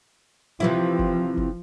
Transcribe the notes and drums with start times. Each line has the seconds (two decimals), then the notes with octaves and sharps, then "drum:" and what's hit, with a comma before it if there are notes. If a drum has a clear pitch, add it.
0.60 C3 E3 F3 E4
0.99 drum: kick F#1
1.37 drum: kick F#1